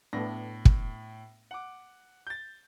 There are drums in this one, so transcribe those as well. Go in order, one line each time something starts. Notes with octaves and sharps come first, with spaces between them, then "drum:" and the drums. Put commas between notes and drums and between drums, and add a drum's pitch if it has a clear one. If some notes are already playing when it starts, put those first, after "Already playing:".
A2 A3 B3 D4 A#6
drum: kick
F#5 D6
G6 A6